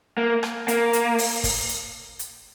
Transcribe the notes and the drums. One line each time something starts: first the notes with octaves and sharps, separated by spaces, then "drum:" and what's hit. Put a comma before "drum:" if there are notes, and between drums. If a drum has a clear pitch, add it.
A#3
drum: rim click
A#3, drum: hi-hat
drum: hi-hat
drum: open hi-hat
drum: kick, open hi-hat
drum: hi-hat
drum: hi-hat